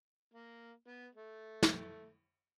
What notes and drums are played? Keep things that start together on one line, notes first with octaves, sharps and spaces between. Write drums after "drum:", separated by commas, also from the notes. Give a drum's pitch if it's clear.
A#3
B3
A3
drum: snare